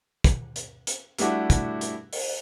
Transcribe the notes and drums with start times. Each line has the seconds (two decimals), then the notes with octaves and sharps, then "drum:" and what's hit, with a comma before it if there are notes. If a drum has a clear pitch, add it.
0.24 drum: kick, hi-hat
0.56 drum: hi-hat
0.87 drum: hi-hat
1.19 G3 A3 D4 E4 F#4 G4, drum: hi-hat
1.50 drum: kick, hi-hat
1.81 drum: hi-hat
2.13 drum: open hi-hat